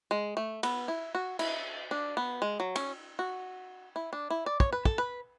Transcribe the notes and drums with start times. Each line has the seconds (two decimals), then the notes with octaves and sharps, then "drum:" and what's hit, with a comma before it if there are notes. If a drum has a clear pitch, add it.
0.11 G#3
0.37 A3
0.63 B3, drum: cymbal
0.88 E4
1.15 F#4
1.39 E4, drum: cymbal
1.91 D4
2.17 B3
2.42 G#3
2.60 F#3
2.76 C#4, drum: cymbal
3.19 F#4
3.96 E4
4.13 D4
4.30 E4
4.46 D5
4.60 C#5, drum: kick
4.73 B4
4.85 A4, drum: kick
4.98 B4